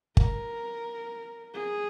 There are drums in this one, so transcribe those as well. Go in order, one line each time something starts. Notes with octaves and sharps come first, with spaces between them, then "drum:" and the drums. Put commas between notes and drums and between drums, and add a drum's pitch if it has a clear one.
A#4, drum: kick G1
G#4